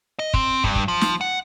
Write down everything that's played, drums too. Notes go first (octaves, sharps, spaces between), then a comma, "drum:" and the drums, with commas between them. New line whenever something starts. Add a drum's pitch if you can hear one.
D#5
C4, drum: kick
G2, drum: kick
drum: kick
F3
drum: snare
F#5